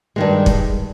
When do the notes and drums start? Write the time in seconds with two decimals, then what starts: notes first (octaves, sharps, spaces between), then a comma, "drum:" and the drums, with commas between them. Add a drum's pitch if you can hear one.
0.16 G2 D#3 G#3
0.46 drum: kick